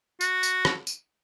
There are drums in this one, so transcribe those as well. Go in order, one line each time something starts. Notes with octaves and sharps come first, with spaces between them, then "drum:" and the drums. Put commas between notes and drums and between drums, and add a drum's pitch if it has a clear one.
F#4, drum: tambourine
drum: tambourine
drum: rim click
drum: tambourine